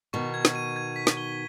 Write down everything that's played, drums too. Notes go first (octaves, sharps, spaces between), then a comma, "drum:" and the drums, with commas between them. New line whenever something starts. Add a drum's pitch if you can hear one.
B2 D#3 C#6
G#6
drum: snare
D#7
G#6
B6
drum: snare
G7